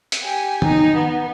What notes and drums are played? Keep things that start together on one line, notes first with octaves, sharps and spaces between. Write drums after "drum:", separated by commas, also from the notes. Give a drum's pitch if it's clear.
drum: hi-hat
G4 G#5
D#4, drum: tom
B3